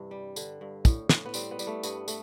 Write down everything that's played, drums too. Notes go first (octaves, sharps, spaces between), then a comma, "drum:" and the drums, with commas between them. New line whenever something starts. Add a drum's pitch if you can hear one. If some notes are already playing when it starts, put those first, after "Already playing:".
Already playing: G2 C3 E3 G4
G3
D3, drum: tambourine
G2
A2, drum: kick, tambourine
A2, drum: snare
B3
G3 C4, drum: tambourine
B3
G3, drum: tambourine
A3
G2 B3, drum: tambourine
A3, drum: tambourine